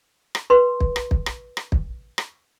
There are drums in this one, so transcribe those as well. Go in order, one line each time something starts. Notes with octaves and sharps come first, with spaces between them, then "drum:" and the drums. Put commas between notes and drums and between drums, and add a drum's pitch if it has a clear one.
drum: rim click
B4 C6
drum: kick
drum: rim click
drum: kick
drum: rim click
drum: rim click
drum: kick
drum: rim click